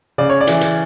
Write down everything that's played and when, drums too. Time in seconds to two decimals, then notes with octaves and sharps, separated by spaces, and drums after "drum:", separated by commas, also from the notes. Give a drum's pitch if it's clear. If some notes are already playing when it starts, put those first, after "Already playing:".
0.18 C#3 D5
0.30 C#5
0.41 D5
0.47 E3, drum: hi-hat
0.61 drum: hi-hat